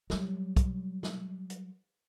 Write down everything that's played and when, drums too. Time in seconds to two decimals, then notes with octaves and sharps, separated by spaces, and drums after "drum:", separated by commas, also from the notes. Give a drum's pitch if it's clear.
0.10 F#3 G3, drum: snare
0.56 drum: kick, hi-hat
1.03 drum: snare
1.50 drum: hi-hat